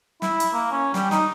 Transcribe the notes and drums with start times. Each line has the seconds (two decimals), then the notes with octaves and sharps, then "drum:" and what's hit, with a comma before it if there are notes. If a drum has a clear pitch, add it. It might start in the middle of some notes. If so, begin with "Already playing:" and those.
0.22 E4, drum: snare
0.40 drum: hi-hat
0.53 A#3
0.71 C#4
0.94 G3, drum: snare
1.11 D#4, drum: snare